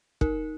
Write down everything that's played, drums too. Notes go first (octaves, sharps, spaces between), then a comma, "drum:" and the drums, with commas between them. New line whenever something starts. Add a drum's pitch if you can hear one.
D#4 A#4, drum: kick